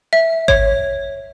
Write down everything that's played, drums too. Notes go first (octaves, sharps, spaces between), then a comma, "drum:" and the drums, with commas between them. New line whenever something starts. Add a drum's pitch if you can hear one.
E5
C#5, drum: kick G#1